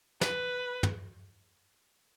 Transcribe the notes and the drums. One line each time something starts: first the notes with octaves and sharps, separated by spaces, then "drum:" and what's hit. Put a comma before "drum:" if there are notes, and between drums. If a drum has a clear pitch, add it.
B4, drum: snare
drum: tom